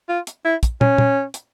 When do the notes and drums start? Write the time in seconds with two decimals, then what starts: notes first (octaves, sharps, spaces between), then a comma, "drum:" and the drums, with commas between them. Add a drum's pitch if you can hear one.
0.09 F4
0.27 drum: hi-hat
0.45 E4
0.63 drum: kick, hi-hat
0.81 C#4, drum: tom
0.98 drum: tom
1.34 drum: hi-hat